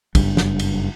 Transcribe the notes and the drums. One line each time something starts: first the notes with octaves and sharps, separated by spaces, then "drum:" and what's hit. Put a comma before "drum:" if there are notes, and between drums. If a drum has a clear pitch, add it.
F#1 G2, drum: kick, cymbal
drum: snare
drum: cymbal